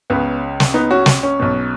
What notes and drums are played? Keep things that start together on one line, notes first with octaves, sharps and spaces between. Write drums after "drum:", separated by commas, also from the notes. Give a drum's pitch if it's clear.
C#2 C#3 B3
drum: snare
B3 D#4
C#4 F#4
drum: snare
C#4
B1 B2